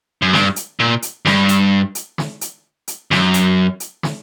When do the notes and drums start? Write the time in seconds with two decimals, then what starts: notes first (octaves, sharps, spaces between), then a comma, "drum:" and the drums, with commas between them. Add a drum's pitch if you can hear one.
0.22 F#2
0.33 G2, drum: snare
0.56 drum: hi-hat
0.80 A#2
1.02 drum: hi-hat
1.25 G2, drum: snare
1.49 drum: hi-hat
1.95 drum: hi-hat
2.18 drum: snare
2.41 drum: hi-hat
2.88 drum: hi-hat
3.11 F#2, drum: snare
3.34 drum: hi-hat
3.80 drum: hi-hat
4.03 drum: snare